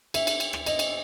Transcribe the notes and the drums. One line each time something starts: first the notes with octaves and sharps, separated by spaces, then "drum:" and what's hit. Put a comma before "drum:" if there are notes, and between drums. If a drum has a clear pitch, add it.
E5, drum: cymbal
drum: cymbal
drum: cymbal
drum: rim click
D#5, drum: cymbal
drum: cymbal